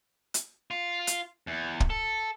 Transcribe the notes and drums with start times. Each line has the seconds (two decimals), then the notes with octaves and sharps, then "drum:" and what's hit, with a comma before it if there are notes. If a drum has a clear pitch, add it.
0.34 drum: hi-hat
0.71 F4
1.07 drum: hi-hat
1.47 E2
1.80 drum: kick
1.90 A4